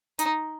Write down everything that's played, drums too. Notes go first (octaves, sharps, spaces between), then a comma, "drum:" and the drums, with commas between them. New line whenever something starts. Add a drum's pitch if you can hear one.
D#4, drum: hi-hat